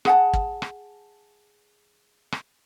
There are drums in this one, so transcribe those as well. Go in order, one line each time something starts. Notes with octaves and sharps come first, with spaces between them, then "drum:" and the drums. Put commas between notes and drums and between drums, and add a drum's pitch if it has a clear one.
G#4 F#5 A5, drum: rim click
drum: kick
drum: rim click
drum: rim click